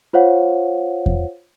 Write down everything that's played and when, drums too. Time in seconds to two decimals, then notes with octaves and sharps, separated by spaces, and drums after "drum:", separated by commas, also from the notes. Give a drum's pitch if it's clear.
0.13 F4 C5 C#5 F5 F#5
1.06 drum: kick E2